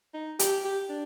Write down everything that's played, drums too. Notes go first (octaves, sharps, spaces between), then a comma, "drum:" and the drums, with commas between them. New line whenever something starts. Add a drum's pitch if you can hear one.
D#4
G4, drum: hi-hat
G4
D4